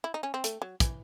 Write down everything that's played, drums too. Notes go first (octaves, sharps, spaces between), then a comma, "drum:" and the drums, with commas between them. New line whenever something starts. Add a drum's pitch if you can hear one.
E4
D#4
C#4
C4
A3, drum: hi-hat
F#3
E3, drum: kick, hi-hat